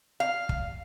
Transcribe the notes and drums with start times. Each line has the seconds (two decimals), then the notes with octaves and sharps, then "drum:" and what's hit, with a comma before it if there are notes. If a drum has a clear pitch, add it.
0.20 F5
0.49 drum: kick